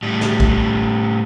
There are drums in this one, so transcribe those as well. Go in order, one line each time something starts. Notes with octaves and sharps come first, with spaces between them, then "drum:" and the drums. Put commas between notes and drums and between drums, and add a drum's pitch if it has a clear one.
A2 G3
drum: snare
drum: kick